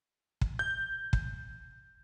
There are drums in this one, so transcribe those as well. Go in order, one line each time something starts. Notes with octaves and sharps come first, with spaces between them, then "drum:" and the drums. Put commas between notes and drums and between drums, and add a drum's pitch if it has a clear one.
drum: kick
G6
drum: kick